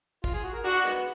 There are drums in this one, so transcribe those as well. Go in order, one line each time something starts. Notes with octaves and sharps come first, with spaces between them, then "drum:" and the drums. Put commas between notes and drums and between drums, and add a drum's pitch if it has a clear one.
F4, drum: kick
G#4
F#4
A#4
D4 F#4
D#3 G#3 B3